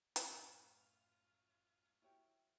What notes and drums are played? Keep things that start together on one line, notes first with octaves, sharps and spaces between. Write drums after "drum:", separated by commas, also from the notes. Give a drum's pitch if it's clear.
F#2 A2 F4 G4, drum: hi-hat
E4 F#4 G4 A#4 C#5 G5